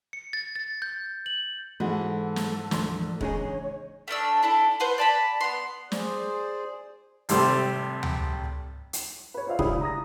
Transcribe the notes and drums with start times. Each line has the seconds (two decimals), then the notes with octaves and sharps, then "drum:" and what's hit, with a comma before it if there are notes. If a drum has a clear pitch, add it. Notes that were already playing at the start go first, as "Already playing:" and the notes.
0.13 C#7
0.33 A6
0.56 A6
0.82 G6
1.26 F#7
1.80 G#2 E3 G#3 F#4 A4
2.36 drum: snare
2.71 D2 E3 F3 C6, drum: snare
3.21 E2 C#3 G#3 D#4 G#4 C#5, drum: kick E1
4.08 A3 C#4 D4 E6
4.42 D4 E4 A4
4.80 B4 C5 F5 F#5
4.98 D5 A5 B5
5.41 B3 F#5 C6
5.92 G#4 C5 D5, drum: snare
7.29 G#1 C3 G3 A3 G4 C5, drum: hi-hat
8.03 drum: tom D2
8.93 drum: hi-hat
9.34 B4 C#5
9.47 F4 C5 D5 E5 F5
9.59 C#2 E4 G4 D5 D#6, drum: kick E1
9.81 A#5 D#6 A#6